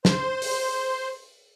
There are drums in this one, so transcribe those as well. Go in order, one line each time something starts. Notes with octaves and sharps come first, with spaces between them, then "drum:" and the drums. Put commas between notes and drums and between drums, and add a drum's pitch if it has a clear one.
C5 C6, drum: snare
drum: open hi-hat